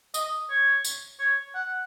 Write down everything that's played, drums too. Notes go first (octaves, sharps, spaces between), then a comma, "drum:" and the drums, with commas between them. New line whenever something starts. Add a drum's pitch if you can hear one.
D#5, drum: tambourine
C#5
drum: tambourine
C#5
F#5